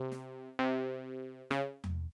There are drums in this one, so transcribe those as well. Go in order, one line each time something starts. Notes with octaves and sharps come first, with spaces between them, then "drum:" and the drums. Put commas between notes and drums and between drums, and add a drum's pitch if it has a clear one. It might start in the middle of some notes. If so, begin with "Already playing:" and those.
Already playing: C3
drum: snare
C3
C#3, drum: snare
drum: tom E2